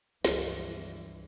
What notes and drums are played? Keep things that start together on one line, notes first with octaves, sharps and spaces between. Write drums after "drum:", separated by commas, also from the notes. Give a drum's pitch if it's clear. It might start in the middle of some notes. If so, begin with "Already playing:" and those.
C#2 G2 E3 F3, drum: snare